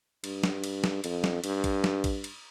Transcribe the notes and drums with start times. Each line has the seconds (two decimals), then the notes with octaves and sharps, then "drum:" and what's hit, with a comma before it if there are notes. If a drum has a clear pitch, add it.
0.24 G2, drum: cymbal
0.44 drum: snare
0.64 drum: cymbal
0.84 drum: snare
1.04 F2, drum: cymbal
1.24 drum: snare
1.44 G2, drum: cymbal
1.64 drum: kick A1, cymbal
1.84 drum: snare
2.04 drum: kick A1, cymbal
2.24 drum: cymbal